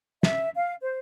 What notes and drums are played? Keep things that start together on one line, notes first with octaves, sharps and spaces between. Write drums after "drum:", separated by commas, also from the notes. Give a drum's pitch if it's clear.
E5, drum: snare
F5
C5